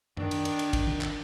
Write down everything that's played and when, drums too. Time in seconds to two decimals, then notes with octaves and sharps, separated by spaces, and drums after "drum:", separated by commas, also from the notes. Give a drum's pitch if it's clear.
0.17 D#3 D4, drum: tom F#2
0.31 drum: cymbal
0.45 drum: cymbal
0.59 drum: cymbal
0.73 drum: kick, cymbal
0.87 drum: tom
1.01 drum: clap